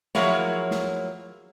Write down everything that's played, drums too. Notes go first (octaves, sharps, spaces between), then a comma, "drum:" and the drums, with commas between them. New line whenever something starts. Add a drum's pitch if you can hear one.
F3 F#3 A#3 E4 G#4 C#5, drum: snare
drum: snare